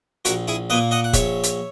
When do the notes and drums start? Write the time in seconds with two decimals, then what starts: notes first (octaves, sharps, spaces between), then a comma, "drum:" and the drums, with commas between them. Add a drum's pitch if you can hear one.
0.25 A#1 F#4 A#4, drum: hi-hat
0.48 E4 G#4
0.70 A#2 A#3 B4 D#5
0.91 D#5 F#5
1.04 F#5
1.13 A#1 C#5 E5, drum: kick F1, hi-hat
1.43 drum: hi-hat